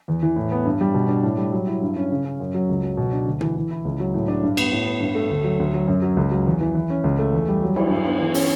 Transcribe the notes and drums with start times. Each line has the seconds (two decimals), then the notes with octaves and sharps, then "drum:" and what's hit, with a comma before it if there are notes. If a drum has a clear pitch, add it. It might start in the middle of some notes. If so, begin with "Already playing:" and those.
0.08 E2
0.23 E3
0.36 A2
0.52 B3
0.65 G2
0.81 G3
0.94 B2
1.09 D4
1.23 A2
1.38 G3
1.52 F#3
1.67 E4
1.82 G2
1.96 C#4
2.11 C#3
2.25 C#4
2.40 F#2
2.54 F#3
2.69 C#2
2.83 F#3
2.97 B2
3.13 D4
3.26 D2
3.41 E3, drum: tom
3.56 E3
3.71 E4
3.85 C#2
4.00 F#3
4.14 A2
4.28 D4
4.43 G2
4.57 B3, drum: cymbal
4.72 A2
4.87 B3
5.00 G2
5.15 A3
5.30 D2
5.44 F#3
5.59 D2
5.74 F#3
5.88 F#2
6.02 F#3
6.17 C#2
6.32 F#3
6.47 E2
6.61 E3
6.75 E3
6.90 C#4
7.04 C#2
7.19 A3
7.33 E2
7.48 G3
7.63 F#3
7.76 E4, drum: cymbal
7.91 G2
8.06 B3
8.20 E3
8.34 C#4, drum: open hi-hat